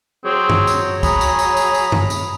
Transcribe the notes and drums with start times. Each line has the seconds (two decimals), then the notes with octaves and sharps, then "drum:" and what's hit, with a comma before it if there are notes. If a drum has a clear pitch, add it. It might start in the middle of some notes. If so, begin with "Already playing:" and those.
0.25 F#3 C4 G#4
0.50 drum: tom F#2
0.67 drum: tambourine
1.03 G#4 A#5 B5, drum: kick, tambourine
1.21 drum: tambourine
1.39 drum: tambourine
1.57 drum: tambourine
1.74 drum: tambourine
1.92 drum: tom F#2
2.10 drum: tambourine